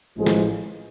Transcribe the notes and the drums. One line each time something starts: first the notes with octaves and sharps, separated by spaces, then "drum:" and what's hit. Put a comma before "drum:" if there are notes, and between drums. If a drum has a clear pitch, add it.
A1 A2 F3 G#3
drum: snare